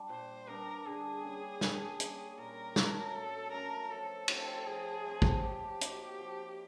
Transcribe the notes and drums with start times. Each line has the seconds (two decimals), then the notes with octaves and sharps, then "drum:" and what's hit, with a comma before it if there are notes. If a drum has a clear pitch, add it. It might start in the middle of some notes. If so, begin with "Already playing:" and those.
Already playing: G3 D4
0.09 A#2 C5
0.47 G3 B3 D4 A#4
0.86 D3 G#4
1.23 G3 A#3 C#4
1.61 D3, drum: snare
2.00 G3 A#3 C#4, drum: hi-hat
2.38 A#2 A#4
2.76 F#3 A3 C#4, drum: snare
3.14 A#2 A4
3.52 F#3 A3 C#4 A#4
3.90 F3 A4
4.28 A3 C4, drum: cymbal
4.66 F3 G#4
5.05 A3 C4
5.22 drum: kick
5.42 F3 G4
5.81 A#3 D#4 F#4, drum: hi-hat
6.19 F3